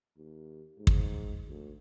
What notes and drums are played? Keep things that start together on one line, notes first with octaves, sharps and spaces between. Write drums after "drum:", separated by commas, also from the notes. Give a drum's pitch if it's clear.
D#2
G#2
drum: kick
D2